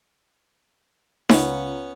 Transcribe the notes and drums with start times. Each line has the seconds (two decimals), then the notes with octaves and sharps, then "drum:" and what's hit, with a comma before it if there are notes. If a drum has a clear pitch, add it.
1.29 C#2 B3 C#4, drum: snare D#4